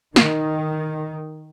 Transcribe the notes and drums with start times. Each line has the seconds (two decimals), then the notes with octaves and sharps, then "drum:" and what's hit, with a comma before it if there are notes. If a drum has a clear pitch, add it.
0.16 D#3, drum: snare